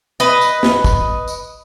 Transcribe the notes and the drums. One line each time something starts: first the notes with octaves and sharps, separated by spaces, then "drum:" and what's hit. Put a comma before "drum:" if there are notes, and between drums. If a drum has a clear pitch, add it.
B4 D#5
drum: tambourine
drum: snare
drum: kick, tambourine
drum: tambourine